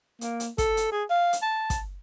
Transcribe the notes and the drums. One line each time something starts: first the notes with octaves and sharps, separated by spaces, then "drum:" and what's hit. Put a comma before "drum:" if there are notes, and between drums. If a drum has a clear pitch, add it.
A#3, drum: hi-hat
drum: hi-hat
A4, drum: kick, hi-hat
drum: hi-hat
G#4
F5
drum: hi-hat
A5
drum: kick, hi-hat